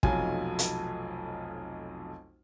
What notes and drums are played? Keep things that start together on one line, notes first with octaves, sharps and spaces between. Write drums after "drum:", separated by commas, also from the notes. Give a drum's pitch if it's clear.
F1 B1 F2 F#3 F4 G#5, drum: kick
drum: hi-hat